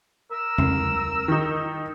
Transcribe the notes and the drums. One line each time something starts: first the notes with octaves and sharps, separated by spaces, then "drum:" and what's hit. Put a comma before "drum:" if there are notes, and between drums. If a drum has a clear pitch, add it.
A#4 E6
drum: tom E2
D#3 D#4